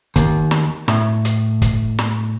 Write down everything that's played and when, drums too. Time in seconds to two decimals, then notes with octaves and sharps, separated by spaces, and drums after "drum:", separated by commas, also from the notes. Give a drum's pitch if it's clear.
0.16 D#2, drum: kick, hi-hat
0.51 drum: snare
0.88 A2, drum: snare
1.25 drum: hi-hat
1.62 drum: kick, hi-hat
1.99 drum: snare